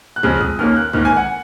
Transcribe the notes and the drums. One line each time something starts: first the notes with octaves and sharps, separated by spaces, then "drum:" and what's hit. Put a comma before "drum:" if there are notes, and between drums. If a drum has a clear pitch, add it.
F#6
F2 C#3 G#3 C4 F6, drum: kick
D#6, drum: kick
D#2 D#3 A#3 C#4 F6
F#6
G#1 G#2 D#3 A#3 F6, drum: kick
G#5
F#5